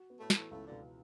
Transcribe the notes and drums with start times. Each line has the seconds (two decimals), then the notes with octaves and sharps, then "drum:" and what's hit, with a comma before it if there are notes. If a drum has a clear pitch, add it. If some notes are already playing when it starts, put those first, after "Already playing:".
Already playing: F#4
0.10 B3
0.19 A2 A3
0.30 E3, drum: snare
0.35 A2 A3
0.50 C#2 A2 A3
0.66 D2 B2 D3